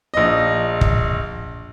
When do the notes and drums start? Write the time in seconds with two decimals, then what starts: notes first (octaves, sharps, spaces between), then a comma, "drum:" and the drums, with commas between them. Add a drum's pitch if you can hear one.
0.14 A#1 D#5
0.81 drum: kick